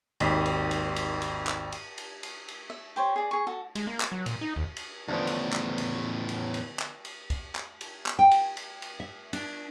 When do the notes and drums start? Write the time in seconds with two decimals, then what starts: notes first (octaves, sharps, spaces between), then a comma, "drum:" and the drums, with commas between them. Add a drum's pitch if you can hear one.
0.20 G#1 D#2 D#5 B6, drum: cymbal
0.46 drum: cymbal
0.71 drum: cymbal
0.96 drum: cymbal
1.22 drum: cymbal
1.47 drum: clap
1.72 drum: cymbal
1.98 drum: cymbal
2.23 drum: cymbal
2.48 drum: cymbal
2.70 E5
2.96 G4 C5 C#5
3.16 G#4 D5
3.31 G#4 C#6
3.47 F#4 A4
3.75 G#3, drum: cymbal
3.87 A#3
4.01 drum: clap
4.12 F#3
4.26 A#2, drum: cymbal
4.41 D#4
4.56 D#2
4.77 drum: cymbal
5.08 E2 A2 D3 F3 B3
5.27 drum: cymbal
5.53 drum: clap
5.78 drum: cymbal
6.29 drum: cymbal
6.54 drum: cymbal
6.79 drum: clap
7.05 drum: cymbal
7.30 drum: kick, cymbal
7.55 drum: clap
7.81 drum: cymbal
8.06 drum: clap
8.19 G5
8.31 drum: cymbal
8.57 drum: cymbal
8.82 drum: cymbal
9.00 E5
9.33 D4, drum: cymbal